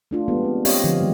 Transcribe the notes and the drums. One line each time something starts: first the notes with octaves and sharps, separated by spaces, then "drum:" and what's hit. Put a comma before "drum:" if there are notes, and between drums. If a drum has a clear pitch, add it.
A3 D4 F4
F3 G#3 B3 G4
C4
C4 G4 C#5 D#5 F5, drum: open hi-hat
D3 F3
D#3 F#3 G#3 C4